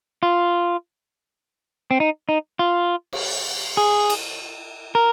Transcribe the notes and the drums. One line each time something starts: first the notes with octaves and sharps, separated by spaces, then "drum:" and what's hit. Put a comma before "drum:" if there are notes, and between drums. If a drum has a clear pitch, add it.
F4
C4
D#4
D#4
F4
drum: cymbal
G#4
drum: cymbal
A#4